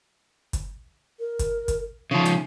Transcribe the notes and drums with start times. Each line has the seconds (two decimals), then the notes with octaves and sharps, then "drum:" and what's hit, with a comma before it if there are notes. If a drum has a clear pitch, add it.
0.53 drum: kick, hi-hat
1.20 A#4
1.39 drum: kick, hi-hat
1.68 drum: kick, hi-hat
2.11 C#3 F3 D#4
2.25 drum: hi-hat